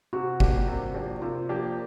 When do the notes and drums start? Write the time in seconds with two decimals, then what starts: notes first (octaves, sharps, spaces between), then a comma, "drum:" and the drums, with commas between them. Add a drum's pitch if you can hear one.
0.13 C3 F#4
0.40 F3 A#3 D4 G4, drum: kick F#1
0.68 C3
0.94 F3 A#3 D4 G4
1.21 C3 F4
1.49 F3 A#3 D4 G4